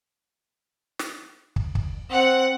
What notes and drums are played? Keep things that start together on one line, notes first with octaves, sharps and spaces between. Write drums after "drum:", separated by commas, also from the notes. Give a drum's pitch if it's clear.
drum: snare
drum: kick
drum: kick
C4 F#5